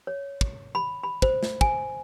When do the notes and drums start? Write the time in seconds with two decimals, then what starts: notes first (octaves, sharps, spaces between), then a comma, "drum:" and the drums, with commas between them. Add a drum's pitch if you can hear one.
0.07 C#5
0.41 drum: kick
0.75 B5
1.03 B5
1.22 C5, drum: kick
1.43 drum: snare
1.61 G#5, drum: kick